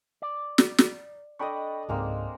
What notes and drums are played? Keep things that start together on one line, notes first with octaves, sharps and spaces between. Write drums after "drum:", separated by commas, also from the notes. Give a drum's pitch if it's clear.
D5
drum: snare
drum: snare
D4 A4 D#5 G5 B5 C#6
C#2 G#2 G#3 A#3 C4